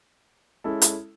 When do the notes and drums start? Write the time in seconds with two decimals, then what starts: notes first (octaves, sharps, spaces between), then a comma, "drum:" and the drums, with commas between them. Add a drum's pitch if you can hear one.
0.64 G#3 C#4 E4 A4
0.82 drum: hi-hat